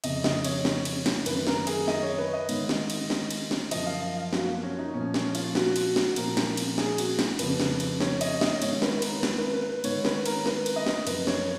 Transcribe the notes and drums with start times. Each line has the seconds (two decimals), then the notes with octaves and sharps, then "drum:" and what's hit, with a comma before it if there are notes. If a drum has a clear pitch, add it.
0.04 F2 C#3 F3 D#5, drum: cymbal
0.24 D#5, drum: snare
0.44 C#5, drum: cymbal
0.65 drum: snare
0.85 drum: cymbal
1.06 drum: snare
1.26 F#2 D#3 B4, drum: cymbal
1.47 A#4, drum: snare
1.67 G#4, drum: cymbal
1.88 D#5, drum: snare
2.03 C#5
2.18 B4
2.33 D#5
2.49 G#2 D#3, drum: cymbal
2.69 drum: snare
2.90 drum: cymbal
3.10 drum: snare
3.31 drum: cymbal
3.51 drum: snare
3.71 F#2 F3 D#5, drum: cymbal
3.86 F5
4.02 F5
4.18 F5
4.33 F#4, drum: snare
4.48 A#3
4.63 C#4
4.79 D#4
4.94 A#2 F3 C#4
5.14 C#4, drum: snare
5.35 F4, drum: cymbal
5.55 F#4, drum: snare
5.76 drum: cymbal
5.96 drum: snare
6.16 A#2 F3 A#4, drum: cymbal
6.37 drum: snare
6.57 drum: cymbal
6.78 G#4, drum: snare
6.98 F#4, drum: cymbal
7.19 drum: snare
7.39 F2 C#3 F3 B4, drum: cymbal
7.60 drum: snare
7.80 drum: cymbal
8.00 C#5, drum: snare
8.21 D#5, drum: cymbal
8.41 D#5, drum: snare
8.62 G#2 D#3 C#5, drum: cymbal
8.82 B4, drum: snare
8.98 B4
9.02 A#4, drum: cymbal
9.23 B4, drum: snare
9.38 B4
9.54 B4
9.69 B4
9.84 G#2 D#3 C#5, drum: cymbal
10.05 B4, drum: snare
10.26 A#4, drum: cymbal
10.46 B4, drum: snare
10.66 drum: cymbal
10.76 D#5
10.86 drum: snare
11.07 F#2 F3 B4, drum: cymbal
11.27 C#5, drum: snare